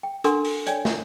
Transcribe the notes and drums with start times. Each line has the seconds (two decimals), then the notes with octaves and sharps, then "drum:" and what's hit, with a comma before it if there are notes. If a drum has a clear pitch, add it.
0.03 G5
0.24 D4 A4 A#4 F#5 G#5 C6, drum: hi-hat
0.45 drum: open hi-hat
0.67 C#5 D5 G5 G#5, drum: hi-hat
0.85 drum: snare